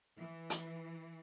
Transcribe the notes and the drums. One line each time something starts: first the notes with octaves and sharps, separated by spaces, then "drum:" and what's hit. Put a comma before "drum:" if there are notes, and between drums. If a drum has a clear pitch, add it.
E3
drum: hi-hat